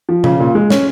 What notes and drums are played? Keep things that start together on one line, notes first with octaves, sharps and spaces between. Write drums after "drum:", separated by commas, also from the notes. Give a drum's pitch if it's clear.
F3
C#3, drum: tom B2
A#2
G#3
C#4, drum: snare